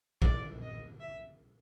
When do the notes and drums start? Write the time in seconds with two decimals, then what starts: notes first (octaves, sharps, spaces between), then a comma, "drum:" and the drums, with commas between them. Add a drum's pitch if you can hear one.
0.22 D5, drum: kick
0.62 D#5
1.00 E5